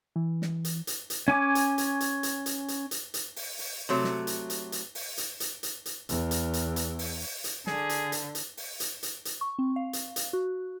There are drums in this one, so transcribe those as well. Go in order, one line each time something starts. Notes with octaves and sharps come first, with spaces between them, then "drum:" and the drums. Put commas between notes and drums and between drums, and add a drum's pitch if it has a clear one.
E3
drum: snare
drum: hi-hat
drum: hi-hat
drum: hi-hat
C#4 G#5 D6
drum: hi-hat
drum: hi-hat
drum: hi-hat
drum: hi-hat
drum: hi-hat
drum: hi-hat
drum: hi-hat
drum: hi-hat
drum: open hi-hat
drum: open hi-hat
C3 F#3 A3
drum: snare
drum: hi-hat
drum: hi-hat
drum: hi-hat
drum: open hi-hat
drum: hi-hat
drum: hi-hat
drum: hi-hat
drum: hi-hat
E2, drum: hi-hat
drum: hi-hat
drum: hi-hat
drum: hi-hat
drum: open hi-hat
drum: open hi-hat
drum: hi-hat
D3 G#4, drum: snare
drum: hi-hat
drum: hi-hat
drum: hi-hat
drum: open hi-hat
drum: hi-hat
drum: hi-hat
drum: hi-hat
C#6
C4
F5
drum: hi-hat
drum: hi-hat
F#4